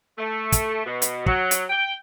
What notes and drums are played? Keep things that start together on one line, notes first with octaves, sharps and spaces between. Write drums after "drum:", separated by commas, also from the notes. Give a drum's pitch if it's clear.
A3
drum: kick, hi-hat
B2
drum: hi-hat
F#3, drum: kick
drum: hi-hat
G5